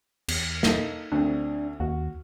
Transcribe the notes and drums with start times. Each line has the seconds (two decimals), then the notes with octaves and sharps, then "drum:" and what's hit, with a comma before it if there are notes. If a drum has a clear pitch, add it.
0.28 E2, drum: cymbal
0.63 A#3 D#4 A4, drum: snare
1.12 D2 C4 D4
1.80 D#2 F#4